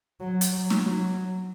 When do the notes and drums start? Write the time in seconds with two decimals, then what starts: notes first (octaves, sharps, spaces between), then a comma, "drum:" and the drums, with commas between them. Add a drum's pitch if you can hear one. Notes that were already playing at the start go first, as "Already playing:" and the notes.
0.20 F#3
0.41 drum: hi-hat
0.52 F#3
0.70 drum: snare
0.84 F#3